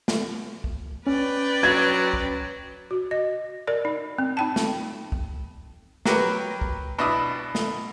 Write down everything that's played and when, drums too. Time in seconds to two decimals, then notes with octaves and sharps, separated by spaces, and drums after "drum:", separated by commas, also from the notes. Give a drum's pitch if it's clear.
0.08 drum: snare
0.64 drum: kick
1.07 C#4 B4 D5 G5
1.63 F#3 G#6
2.13 drum: kick
2.91 F#4
3.11 D#5
3.67 A#4 D5
3.85 D#4
4.18 C4
4.37 D#4 G5 A5
4.56 drum: snare
5.12 drum: kick
6.05 F#3 G4 A#4 B4, drum: snare
6.61 drum: kick
6.99 B2 D4 E4 D#6
7.55 drum: snare